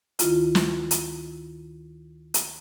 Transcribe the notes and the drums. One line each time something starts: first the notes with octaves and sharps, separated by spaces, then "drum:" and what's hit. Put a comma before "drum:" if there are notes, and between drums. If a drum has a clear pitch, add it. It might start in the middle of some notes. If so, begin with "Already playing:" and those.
D2 D#3 E4 F4, drum: hi-hat
drum: snare
drum: hi-hat
drum: hi-hat